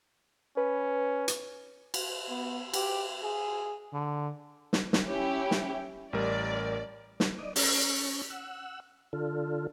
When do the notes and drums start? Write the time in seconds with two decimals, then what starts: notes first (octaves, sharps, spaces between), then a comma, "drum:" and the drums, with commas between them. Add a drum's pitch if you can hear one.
0.57 C#4 B4
1.28 drum: hi-hat
1.94 drum: cymbal
2.29 B3
2.74 G4, drum: cymbal
3.23 G#4
3.93 D3
4.73 drum: snare
4.93 drum: snare
5.04 C#4 E4 G4
5.51 drum: snare
6.13 A1 G3 A#4 D5
7.20 drum: snare
7.39 D5 D#5
7.56 C#4, drum: open hi-hat
8.30 F#5 E6
9.13 D3 F4 A4